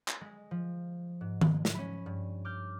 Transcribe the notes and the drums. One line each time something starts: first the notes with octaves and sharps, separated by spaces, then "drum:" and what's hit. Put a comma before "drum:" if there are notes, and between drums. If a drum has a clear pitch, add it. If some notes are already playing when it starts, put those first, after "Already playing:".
drum: clap
G#3
F3
G#2
drum: tom D#3
drum: snare
C#4 B5
G2
D6 F6 G6